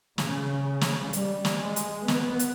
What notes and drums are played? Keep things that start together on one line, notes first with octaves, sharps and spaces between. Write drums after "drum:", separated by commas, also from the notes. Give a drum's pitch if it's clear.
C#3, drum: snare
drum: snare
G3, drum: hi-hat
drum: snare
G#3
drum: hi-hat
B3, drum: snare
drum: hi-hat